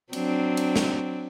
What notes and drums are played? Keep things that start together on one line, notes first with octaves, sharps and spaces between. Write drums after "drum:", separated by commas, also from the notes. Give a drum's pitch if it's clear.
F#3 C4 D4, drum: cymbal
drum: cymbal
drum: snare